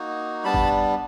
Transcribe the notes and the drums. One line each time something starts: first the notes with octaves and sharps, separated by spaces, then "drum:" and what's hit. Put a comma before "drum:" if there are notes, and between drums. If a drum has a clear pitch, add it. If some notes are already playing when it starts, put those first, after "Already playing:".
Already playing: A#3 D#4 F#4
G3 B3 D4 A5 B5
drum: kick G#1